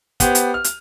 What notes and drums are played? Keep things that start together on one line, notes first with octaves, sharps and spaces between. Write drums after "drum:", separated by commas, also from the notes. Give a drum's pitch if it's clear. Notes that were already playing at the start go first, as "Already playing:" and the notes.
B3 G4 C5, drum: kick, hi-hat
drum: hi-hat
F6
drum: hi-hat